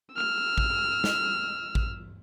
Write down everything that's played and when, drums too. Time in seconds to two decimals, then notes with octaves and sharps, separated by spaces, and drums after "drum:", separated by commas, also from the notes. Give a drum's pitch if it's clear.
0.15 E6 F6
0.58 drum: kick A1
1.04 drum: snare
1.75 drum: kick A1